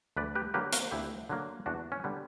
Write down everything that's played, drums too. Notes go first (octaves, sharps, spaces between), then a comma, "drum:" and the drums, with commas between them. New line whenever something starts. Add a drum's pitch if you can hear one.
D2 B4 D5
G4 B4
D3 F#3 A#3 G4 B4
F#4 A#4, drum: hi-hat
D2 E4 G4
D3 F#3 A#3
E2 D4 F#4
C#4
D3 G3 B3